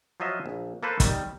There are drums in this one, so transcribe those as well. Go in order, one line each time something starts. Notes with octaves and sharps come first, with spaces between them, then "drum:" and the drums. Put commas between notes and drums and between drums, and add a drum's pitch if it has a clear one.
F3 F#3 F4 D#5 E5
A#1
A#3 A4 B4 C5
D#3 G3, drum: kick, hi-hat